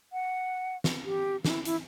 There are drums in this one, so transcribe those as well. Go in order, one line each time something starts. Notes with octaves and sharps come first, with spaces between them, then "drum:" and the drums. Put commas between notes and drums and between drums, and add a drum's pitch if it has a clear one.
F#5
drum: snare
G4
D4, drum: snare
E4
E4, drum: hi-hat